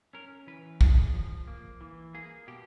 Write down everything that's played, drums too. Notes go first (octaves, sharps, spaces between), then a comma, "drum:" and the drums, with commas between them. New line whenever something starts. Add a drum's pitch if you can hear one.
C#4 A#4
E3 B4
D4 G#4, drum: kick
F3
A#3
E3
A#3 G#4
B2 G4